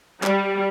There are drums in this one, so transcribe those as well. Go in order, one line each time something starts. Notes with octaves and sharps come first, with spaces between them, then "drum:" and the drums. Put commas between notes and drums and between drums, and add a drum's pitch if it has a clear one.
G3, drum: clap